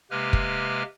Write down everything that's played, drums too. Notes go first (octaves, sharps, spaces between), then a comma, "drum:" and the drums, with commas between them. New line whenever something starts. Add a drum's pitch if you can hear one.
C3 G#3 A#3 G4 B4 F6
drum: kick